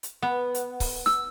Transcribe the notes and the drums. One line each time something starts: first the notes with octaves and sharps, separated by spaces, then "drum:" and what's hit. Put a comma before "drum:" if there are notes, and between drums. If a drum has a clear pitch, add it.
drum: hi-hat
B3
drum: hi-hat
drum: kick C#1, open hi-hat
E6, drum: snare